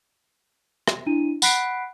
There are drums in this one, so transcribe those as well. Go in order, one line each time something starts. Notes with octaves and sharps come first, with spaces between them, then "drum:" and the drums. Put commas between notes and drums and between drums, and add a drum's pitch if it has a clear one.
drum: rim click
D4 E4 D#7
F#5 B5 F#6 B6 C7 D7, drum: tambourine